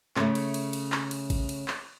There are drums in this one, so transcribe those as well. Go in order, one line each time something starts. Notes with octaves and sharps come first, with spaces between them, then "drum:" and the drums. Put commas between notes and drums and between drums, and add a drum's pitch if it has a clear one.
C#3 A3, drum: clap
drum: cymbal
drum: cymbal
drum: cymbal
drum: clap
drum: cymbal
drum: kick G#1, cymbal
drum: cymbal
drum: clap